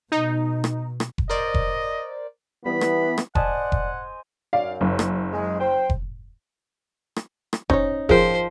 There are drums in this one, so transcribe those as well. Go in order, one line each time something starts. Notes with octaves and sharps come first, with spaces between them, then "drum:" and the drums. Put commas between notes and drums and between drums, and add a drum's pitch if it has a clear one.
B2 D#4
drum: rim click
drum: rim click
drum: kick F1
A#4 C5 D5 D#5
drum: kick F1
E3 G3 B3 B5
drum: rim click
drum: rim click
C5 D5 D#5 F#5 G#5 A5, drum: kick F1
drum: kick F1
F#2 D5 F5
F#1
drum: rim click
G#3
C5 G5
drum: kick F1
drum: rim click
drum: rim click
C#4 D#4 C5 C#5, drum: kick F1
F3 G#4 A#4 C5 G5, drum: kick F1